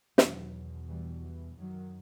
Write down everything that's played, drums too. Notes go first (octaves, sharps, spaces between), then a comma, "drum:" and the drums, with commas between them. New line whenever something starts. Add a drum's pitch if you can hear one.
E2 B2 D#3 F#3, drum: snare
E3 G3
E3
F#2 D#3 F#3